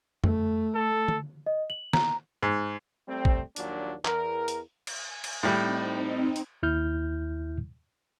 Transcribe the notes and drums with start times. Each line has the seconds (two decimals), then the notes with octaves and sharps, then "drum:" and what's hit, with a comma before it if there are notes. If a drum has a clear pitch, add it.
0.24 A3, drum: tom F2
0.75 A4
1.08 drum: tom D3
1.46 D#5
1.70 F#7
1.93 A#5, drum: snare
2.43 G#2
3.07 G3 A3 C4
3.25 drum: kick
3.56 A#1 D#2 A#2 F#3 D4, drum: hi-hat
4.05 E2 A#4, drum: clap
4.48 drum: hi-hat
4.87 G#5, drum: cymbal
5.24 drum: cymbal
5.43 A2 G3 C4 D#4
6.36 drum: hi-hat
6.63 D#2 E4 F6 G6